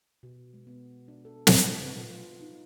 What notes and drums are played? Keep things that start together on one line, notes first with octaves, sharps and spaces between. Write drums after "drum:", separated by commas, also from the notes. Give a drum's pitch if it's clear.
B2
G#3
B3
D4
A4
D#5, drum: snare
B4
F4
D#4